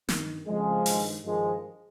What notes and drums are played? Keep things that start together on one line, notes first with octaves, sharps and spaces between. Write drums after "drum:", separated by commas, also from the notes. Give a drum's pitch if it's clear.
G2 D#3, drum: snare
F2 C#3 F3 G#3
G2 D#3, drum: open hi-hat
G2 D#3 F3 G#3